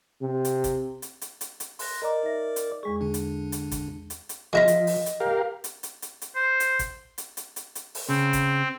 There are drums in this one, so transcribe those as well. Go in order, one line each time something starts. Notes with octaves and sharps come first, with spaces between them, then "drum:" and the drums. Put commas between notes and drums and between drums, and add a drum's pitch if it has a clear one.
C3
drum: hi-hat
drum: kick G#1, hi-hat
drum: hi-hat
drum: hi-hat
drum: hi-hat
drum: hi-hat
C6 F#6 A#6, drum: open hi-hat
A#4 D5 D#5 A#5 D6
D#4 E5 A#6
drum: hi-hat
E2 G#3 G#4 C#6
D3 D4 G#4
drum: hi-hat
drum: hi-hat
drum: kick G#1, hi-hat
drum: hi-hat
drum: hi-hat
F3 G#3 E4 F4 D#5 A#6 B6
drum: hi-hat
drum: open hi-hat
drum: hi-hat
G4 A#4 F5
drum: hi-hat
drum: hi-hat
drum: hi-hat
drum: hi-hat
C5
drum: hi-hat
drum: kick G#1, hi-hat
drum: hi-hat
drum: hi-hat
drum: hi-hat
drum: hi-hat
drum: open hi-hat
C#3 C4
drum: kick G#1, hi-hat